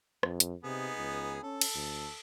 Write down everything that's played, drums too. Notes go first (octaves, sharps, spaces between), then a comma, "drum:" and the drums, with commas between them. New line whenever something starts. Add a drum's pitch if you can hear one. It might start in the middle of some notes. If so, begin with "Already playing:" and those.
F2, drum: rim click
drum: hi-hat
C3 B3 D#4 G#4
C#2
C#4 A4
drum: cymbal
D2